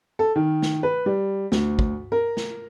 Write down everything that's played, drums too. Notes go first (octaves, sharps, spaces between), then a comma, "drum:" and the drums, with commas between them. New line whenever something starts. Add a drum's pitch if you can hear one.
A4
D#3
drum: snare
B4
G3
D2, drum: snare
drum: kick
A#4
drum: snare